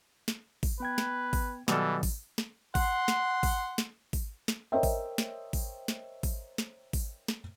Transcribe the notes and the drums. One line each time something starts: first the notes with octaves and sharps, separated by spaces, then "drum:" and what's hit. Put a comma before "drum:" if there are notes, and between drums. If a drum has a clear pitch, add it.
drum: snare
drum: kick G#1, open hi-hat
B3 B4 G5 G#6
drum: snare
drum: kick G#1, open hi-hat
B2 D#3 E3 F#3 G3 A4, drum: snare
drum: kick G#1, open hi-hat
drum: snare
F#5 C6, drum: kick G#1, open hi-hat
drum: snare
drum: kick G#1, open hi-hat
drum: snare
drum: kick G#1, open hi-hat
drum: snare
A#4 C5 C#5 D#5 E5 G5
drum: kick G#1, open hi-hat
drum: snare
drum: kick G#1, open hi-hat
drum: snare
drum: kick G#1, open hi-hat
drum: snare
drum: kick G#1, open hi-hat
drum: snare